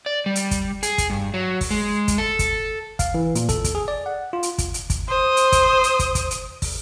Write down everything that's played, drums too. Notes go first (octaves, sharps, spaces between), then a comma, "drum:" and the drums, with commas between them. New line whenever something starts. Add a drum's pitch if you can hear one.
D5
G3
drum: hi-hat
drum: kick, hi-hat
G#4, drum: hi-hat
drum: kick, hi-hat
G2
F#3
drum: kick, open hi-hat
G#3
drum: kick, hi-hat
A4
drum: kick, hi-hat
F5, drum: kick, hi-hat
E3
A#2, drum: hi-hat
A4, drum: kick, hi-hat
drum: kick, hi-hat
G#4
D5
F#5
F4
drum: hi-hat
drum: kick, hi-hat
drum: hi-hat
drum: kick, hi-hat
C5 D#6
drum: hi-hat
drum: kick, hi-hat
drum: hi-hat
drum: kick, hi-hat
drum: kick, hi-hat
drum: hi-hat
drum: kick, open hi-hat